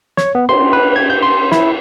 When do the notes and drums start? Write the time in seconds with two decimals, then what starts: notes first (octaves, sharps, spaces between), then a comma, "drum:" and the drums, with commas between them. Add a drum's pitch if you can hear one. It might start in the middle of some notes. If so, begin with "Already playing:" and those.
0.17 C#5, drum: snare
0.35 B3
0.49 C6, drum: cymbal
0.73 B4
0.96 G#6
1.10 G6
1.23 C6
1.52 E4, drum: snare